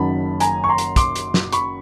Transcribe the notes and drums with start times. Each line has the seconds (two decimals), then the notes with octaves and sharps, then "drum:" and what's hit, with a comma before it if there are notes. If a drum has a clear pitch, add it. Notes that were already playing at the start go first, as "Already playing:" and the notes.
Already playing: F#1 F#2 D#3 F#3 A5 B5
0.40 G#5 A#5, drum: hi-hat
0.64 C#6
0.69 A#5 C6
0.78 drum: hi-hat
0.96 C6 D6, drum: kick, hi-hat
1.16 drum: hi-hat
1.34 drum: snare
1.53 B5 C#6, drum: hi-hat